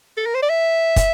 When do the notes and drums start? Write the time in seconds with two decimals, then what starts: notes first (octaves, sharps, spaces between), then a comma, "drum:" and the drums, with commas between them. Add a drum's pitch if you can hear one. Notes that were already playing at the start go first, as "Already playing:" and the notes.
0.17 A4
0.26 A#4
0.34 C5
0.42 D5
0.50 E5
0.96 drum: kick, hi-hat